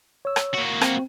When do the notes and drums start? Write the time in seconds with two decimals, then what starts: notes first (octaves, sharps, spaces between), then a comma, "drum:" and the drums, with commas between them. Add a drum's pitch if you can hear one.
0.25 C#5 E6
0.36 drum: rim click
0.54 A#3 F#4
0.81 C4, drum: rim click